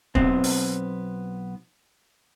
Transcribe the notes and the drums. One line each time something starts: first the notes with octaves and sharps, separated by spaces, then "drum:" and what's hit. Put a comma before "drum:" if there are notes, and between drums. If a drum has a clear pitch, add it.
B1 B3 C4, drum: kick
drum: open hi-hat